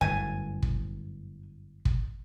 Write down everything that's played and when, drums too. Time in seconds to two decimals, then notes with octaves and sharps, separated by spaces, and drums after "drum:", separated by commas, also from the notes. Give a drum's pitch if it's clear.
0.01 G1 F#2 A2 G#5
0.63 drum: kick
1.85 drum: kick